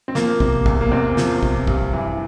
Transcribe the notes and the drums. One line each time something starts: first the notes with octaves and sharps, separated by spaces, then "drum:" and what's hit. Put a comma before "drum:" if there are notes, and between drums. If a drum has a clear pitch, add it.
C4
F3 A#3, drum: snare
C3, drum: kick
E2, drum: kick
A#3
E2 C4
F3, drum: snare
C3, drum: kick
G2, drum: kick
E3